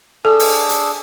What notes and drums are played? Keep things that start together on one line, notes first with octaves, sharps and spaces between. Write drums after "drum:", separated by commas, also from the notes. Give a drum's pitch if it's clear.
D4 G#4 A4 E6
drum: open hi-hat
drum: hi-hat